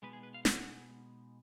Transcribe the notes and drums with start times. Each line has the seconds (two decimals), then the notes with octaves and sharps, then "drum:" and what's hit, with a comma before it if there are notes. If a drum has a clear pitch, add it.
0.02 B2 G#3 B3 D#4 B4
0.13 G#4
0.23 B4
0.34 F5
0.45 F#5, drum: snare